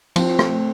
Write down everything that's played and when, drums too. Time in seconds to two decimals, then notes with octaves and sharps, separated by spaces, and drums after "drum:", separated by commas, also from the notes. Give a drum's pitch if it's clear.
0.16 F3 C4, drum: cymbal
0.39 A3, drum: rim click